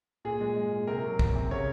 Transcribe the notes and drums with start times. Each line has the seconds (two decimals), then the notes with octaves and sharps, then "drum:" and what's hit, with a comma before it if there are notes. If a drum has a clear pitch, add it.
0.25 A#2 G#4
0.41 G#3
0.56 G#3
0.72 A#2
0.87 C3 A#4
1.03 F#3
1.19 F#3, drum: kick
1.35 C3
1.51 C#3 C#5